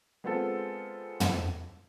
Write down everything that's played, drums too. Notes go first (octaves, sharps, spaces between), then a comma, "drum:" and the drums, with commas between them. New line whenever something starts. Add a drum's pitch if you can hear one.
G#3 B3 C4 F4 A4
drum: tom